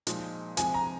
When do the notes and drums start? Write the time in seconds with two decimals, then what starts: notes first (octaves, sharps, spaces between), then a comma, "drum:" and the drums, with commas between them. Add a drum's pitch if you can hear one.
0.07 A#2 F3 G#3 D#4, drum: hi-hat
0.57 C3 F3 G#3 G#5, drum: hi-hat
0.74 A#5